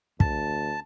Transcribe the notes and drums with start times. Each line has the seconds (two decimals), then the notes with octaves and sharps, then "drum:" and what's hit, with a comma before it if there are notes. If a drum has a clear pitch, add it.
0.20 D2 A5, drum: kick